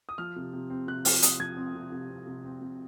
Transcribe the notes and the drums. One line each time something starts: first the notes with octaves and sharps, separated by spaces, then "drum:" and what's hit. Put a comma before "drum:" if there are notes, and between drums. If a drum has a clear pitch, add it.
D#6
F3 F6
C3
C3
C4
C3 F#6
F3 F6, drum: open hi-hat
C3 D#6, drum: hi-hat
F3 G#6
C4
C3
C3
C4
C3
C4
C3